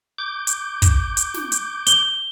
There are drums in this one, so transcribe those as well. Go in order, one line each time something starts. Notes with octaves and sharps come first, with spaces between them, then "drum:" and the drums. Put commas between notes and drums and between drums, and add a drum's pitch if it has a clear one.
D6 G6
drum: hi-hat
drum: kick, hi-hat
drum: hi-hat
drum: snare
drum: hi-hat
G7, drum: hi-hat